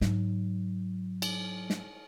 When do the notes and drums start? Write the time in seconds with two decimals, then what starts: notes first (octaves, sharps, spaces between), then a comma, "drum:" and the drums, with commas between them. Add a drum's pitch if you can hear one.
0.01 G#2 F#3, drum: snare
1.22 drum: cymbal
1.70 drum: snare